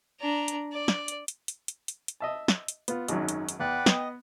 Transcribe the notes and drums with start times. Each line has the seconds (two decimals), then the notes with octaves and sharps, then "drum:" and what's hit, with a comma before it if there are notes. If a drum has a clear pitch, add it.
0.20 D4 A#5
0.48 drum: hi-hat
0.72 D5
0.88 drum: snare
1.08 drum: hi-hat
1.28 drum: hi-hat
1.48 drum: hi-hat
1.68 drum: hi-hat
1.88 drum: hi-hat
2.08 drum: hi-hat
2.20 D#5 E5 A5
2.48 drum: snare
2.68 drum: hi-hat
2.88 B3 F4, drum: hi-hat
3.08 G#1 F#2 F#3 D#4, drum: hi-hat
3.29 drum: hi-hat
3.49 drum: hi-hat
3.60 E2 B4 D5 F#5 G5
3.86 B3 D#5, drum: snare